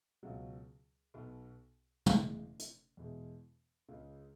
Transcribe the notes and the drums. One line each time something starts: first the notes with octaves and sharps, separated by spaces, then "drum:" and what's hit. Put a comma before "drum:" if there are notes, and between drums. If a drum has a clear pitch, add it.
C#2 B2 F#3
B1 B2 B3
F#1 E2 E3 G#3, drum: tom
drum: hi-hat
E2 B2 G#3
C#2 C#3 G#3